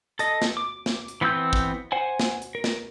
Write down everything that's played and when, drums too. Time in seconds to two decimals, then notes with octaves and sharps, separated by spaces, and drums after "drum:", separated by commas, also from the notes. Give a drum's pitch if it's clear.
0.19 A4 D#5, drum: hi-hat
0.42 drum: snare
0.57 D6
0.86 drum: snare
1.08 drum: hi-hat
1.21 E3 B3 C4 E6 G6
1.53 drum: kick
1.92 C5 F#5 G#5
2.19 drum: snare
2.42 drum: hi-hat
2.55 A#4
2.64 drum: snare